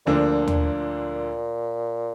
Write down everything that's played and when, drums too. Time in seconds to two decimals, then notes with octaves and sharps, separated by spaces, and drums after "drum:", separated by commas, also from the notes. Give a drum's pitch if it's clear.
0.06 D2 A#2 D3 F3 A#3 D4
0.48 drum: tom D#2